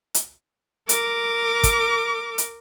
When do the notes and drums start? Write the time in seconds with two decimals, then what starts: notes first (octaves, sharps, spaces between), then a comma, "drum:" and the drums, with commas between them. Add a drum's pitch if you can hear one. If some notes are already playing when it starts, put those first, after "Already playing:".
0.14 drum: hi-hat
0.89 A#4 D6, drum: hi-hat
1.63 drum: kick, hi-hat
2.38 drum: hi-hat